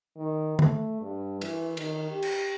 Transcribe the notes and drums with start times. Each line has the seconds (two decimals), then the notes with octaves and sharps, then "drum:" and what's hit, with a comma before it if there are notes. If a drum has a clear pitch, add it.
0.17 D#3
0.59 A3, drum: tom
1.01 G2
1.41 E3, drum: cymbal
1.77 D#3, drum: cymbal
2.11 G4
2.22 drum: cymbal